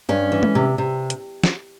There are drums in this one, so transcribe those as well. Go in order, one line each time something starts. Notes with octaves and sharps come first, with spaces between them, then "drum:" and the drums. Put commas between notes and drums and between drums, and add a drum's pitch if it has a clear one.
G2 C#4
E3
drum: tom G#3
C3
C3
drum: hi-hat
drum: snare